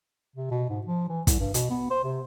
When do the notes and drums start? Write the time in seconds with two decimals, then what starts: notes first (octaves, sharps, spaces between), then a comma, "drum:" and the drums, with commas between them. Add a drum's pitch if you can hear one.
0.36 C3
0.51 B2
0.69 G#2
0.87 F3
1.09 E3
1.27 C2, drum: kick, hi-hat
1.40 G2
1.54 B2, drum: hi-hat
1.70 B3
1.91 C5
2.04 C3